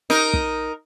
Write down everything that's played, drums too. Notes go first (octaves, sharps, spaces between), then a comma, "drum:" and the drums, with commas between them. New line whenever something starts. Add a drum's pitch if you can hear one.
D#4 A#4, drum: snare
drum: kick